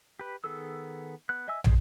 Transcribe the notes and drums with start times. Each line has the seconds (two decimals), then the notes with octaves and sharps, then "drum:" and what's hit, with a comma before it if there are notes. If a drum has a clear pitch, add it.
0.19 G4 B4
0.44 D#3 B3 G#4 A4 E6
1.29 B3 F#6
1.48 D#5 E5 G#5 E6
1.64 G3 G#4 C5, drum: tom